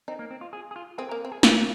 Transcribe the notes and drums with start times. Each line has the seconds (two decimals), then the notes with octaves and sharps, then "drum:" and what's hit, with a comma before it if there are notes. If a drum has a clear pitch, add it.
0.08 C4 D#4
0.19 A#3
0.31 C4
0.41 F4
0.53 G#4
0.71 G#4
0.76 F4
0.98 C4 G#4
1.09 A#3 A#4
1.25 C4
1.32 G#4
1.43 A#3 F4, drum: snare